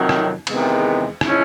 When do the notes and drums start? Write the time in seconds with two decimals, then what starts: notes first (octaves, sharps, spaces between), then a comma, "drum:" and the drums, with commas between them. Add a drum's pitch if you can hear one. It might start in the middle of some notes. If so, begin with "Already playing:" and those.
Already playing: F2 C3 D#3 F#3
0.09 drum: rim click
0.47 E2 C3 D#3 G#3 B3, drum: cymbal
1.21 F3 G#3 C#4 E4, drum: rim click